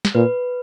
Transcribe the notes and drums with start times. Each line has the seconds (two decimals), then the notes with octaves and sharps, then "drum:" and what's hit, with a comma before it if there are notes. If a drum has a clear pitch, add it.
0.05 drum: snare
0.15 A#2 B4